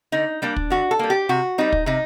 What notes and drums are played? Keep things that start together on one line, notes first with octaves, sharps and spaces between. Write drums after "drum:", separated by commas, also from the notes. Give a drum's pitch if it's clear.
D3 D#4
G3 A#3 D4
drum: kick
D3 F#4
A4
G3 A#3
G4
C3 F#4
G3 C4 D#4
drum: kick
C3 D#4